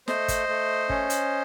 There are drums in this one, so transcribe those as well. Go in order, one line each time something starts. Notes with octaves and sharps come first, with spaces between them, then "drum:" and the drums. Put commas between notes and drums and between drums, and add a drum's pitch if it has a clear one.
A3 C5 D#5, drum: snare
drum: kick, hi-hat
A3
C#4, drum: kick
drum: hi-hat